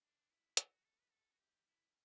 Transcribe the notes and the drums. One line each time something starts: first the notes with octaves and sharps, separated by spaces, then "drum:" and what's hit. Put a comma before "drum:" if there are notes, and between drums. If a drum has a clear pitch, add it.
D4
E4
F#4, drum: hi-hat
A4
B4
A4
F#4
G4
E4